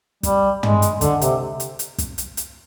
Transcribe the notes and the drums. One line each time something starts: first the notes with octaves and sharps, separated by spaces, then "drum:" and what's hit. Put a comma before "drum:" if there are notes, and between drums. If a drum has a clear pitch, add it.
G3, drum: kick, hi-hat
G#3, drum: tom
drum: hi-hat
D3, drum: kick, hi-hat
C3, drum: hi-hat
drum: hi-hat
drum: hi-hat
drum: kick, hi-hat
drum: hi-hat
drum: hi-hat